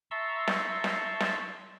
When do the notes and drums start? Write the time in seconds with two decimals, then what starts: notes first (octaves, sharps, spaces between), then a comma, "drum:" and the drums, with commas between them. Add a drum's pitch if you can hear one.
0.11 E5 A5 A#5 C6 C#6 E6
0.48 drum: snare
0.84 drum: snare
1.20 drum: snare